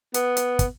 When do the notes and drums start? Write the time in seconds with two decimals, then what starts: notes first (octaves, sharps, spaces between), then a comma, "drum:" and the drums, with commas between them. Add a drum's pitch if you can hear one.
0.14 B3, drum: hi-hat
0.37 drum: hi-hat
0.59 drum: kick, hi-hat